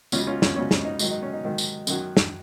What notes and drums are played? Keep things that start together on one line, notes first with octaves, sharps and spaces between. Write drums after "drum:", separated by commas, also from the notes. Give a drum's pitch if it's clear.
C#2 C#3 F#3 C#4 F4, drum: tambourine
C#4 F4
C#4 F4, drum: snare
C#2 C#3 F#3 C#4
C#4, drum: snare
D#4
G#2 D#3 F#3 D#4 F#4, drum: tambourine
D#4
C#4
D#4
G#2 D#3 F#3
drum: tambourine
F#2 D#3 F#3, drum: tambourine
drum: snare